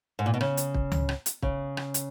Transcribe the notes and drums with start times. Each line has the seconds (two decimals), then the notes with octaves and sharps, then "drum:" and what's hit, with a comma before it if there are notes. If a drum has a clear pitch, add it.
0.19 G#2
0.26 A#2
0.34 B2
0.41 C#3, drum: rim click
0.57 drum: hi-hat
0.74 drum: kick
0.92 drum: tom C#2
1.09 drum: rim click
1.26 drum: hi-hat
1.42 C#3, drum: kick
1.77 drum: rim click
1.94 drum: hi-hat